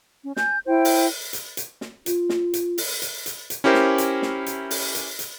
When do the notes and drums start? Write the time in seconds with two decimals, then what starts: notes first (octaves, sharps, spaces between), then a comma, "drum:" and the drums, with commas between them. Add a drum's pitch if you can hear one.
0.22 C#4
0.36 G#5 G6, drum: snare
0.66 E4 C5 G5
0.85 drum: open hi-hat
1.33 drum: hi-hat
1.57 drum: hi-hat
1.81 drum: snare
2.06 F4, drum: hi-hat
2.29 drum: snare
2.54 drum: hi-hat
2.78 drum: open hi-hat
3.02 drum: hi-hat
3.26 drum: hi-hat
3.50 drum: hi-hat
3.64 C#4 E4 G4 A#4 C5
3.74 drum: snare
3.98 drum: hi-hat
4.22 drum: snare
4.46 drum: hi-hat
4.71 drum: open hi-hat
4.95 drum: hi-hat
5.19 drum: hi-hat